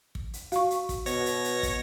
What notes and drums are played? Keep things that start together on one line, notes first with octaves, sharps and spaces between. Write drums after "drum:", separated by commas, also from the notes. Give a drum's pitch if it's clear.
drum: kick
drum: hi-hat
F#4 F5 C#6, drum: hi-hat
drum: hi-hat
drum: kick, hi-hat
B2 C#5 A#6, drum: hi-hat
drum: hi-hat
drum: hi-hat
drum: kick, hi-hat